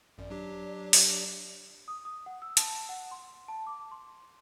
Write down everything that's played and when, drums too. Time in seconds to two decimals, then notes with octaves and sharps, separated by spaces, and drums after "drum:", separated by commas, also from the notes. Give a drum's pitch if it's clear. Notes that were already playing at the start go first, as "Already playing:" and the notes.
0.18 G#1 F#2 D5
0.30 F#3 D4 G4
0.93 drum: open hi-hat
1.88 D#6
2.05 D#6
2.26 F#5
2.42 E6
2.57 A5, drum: hi-hat
2.89 F#5
3.11 C6
3.48 A5
3.67 D6
3.91 C6